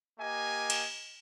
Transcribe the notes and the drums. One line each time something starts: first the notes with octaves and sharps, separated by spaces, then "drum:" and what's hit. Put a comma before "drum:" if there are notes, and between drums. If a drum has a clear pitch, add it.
A#3 G4 D#5 G#5
drum: cymbal